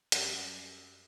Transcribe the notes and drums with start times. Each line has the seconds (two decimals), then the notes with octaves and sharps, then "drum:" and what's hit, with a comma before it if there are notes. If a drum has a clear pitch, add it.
0.12 F#2 G3, drum: hi-hat